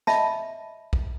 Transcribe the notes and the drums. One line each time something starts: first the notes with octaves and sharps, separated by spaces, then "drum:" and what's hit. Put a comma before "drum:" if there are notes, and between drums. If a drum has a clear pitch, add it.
D#5 E5 A5 B5, drum: snare
drum: kick